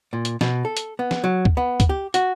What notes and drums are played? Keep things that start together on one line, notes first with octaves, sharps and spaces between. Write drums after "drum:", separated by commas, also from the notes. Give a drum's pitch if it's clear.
A#2
drum: hi-hat
B2, drum: snare
A4
drum: hi-hat
B3
drum: snare
F#3
drum: kick
B3
drum: kick, hi-hat
G4
F#4, drum: hi-hat